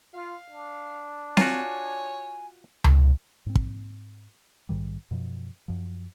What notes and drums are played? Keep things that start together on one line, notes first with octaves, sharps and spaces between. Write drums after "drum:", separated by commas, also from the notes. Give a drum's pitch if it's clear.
F4 F5
D4
F4 F#4 C#5 G#5, drum: snare C4
drum: tom C#2
G#2 C4
drum: kick
A#1 G#2 D#3 G3
F#2 B2 F3
F#2 F3